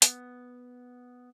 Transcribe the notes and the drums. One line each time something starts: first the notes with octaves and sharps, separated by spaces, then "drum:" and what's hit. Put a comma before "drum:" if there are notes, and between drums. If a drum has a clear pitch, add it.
B3, drum: hi-hat